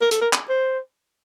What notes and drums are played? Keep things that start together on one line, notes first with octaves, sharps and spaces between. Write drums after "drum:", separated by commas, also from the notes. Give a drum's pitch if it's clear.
A#4
A4, drum: hi-hat
A#4
drum: clap
C5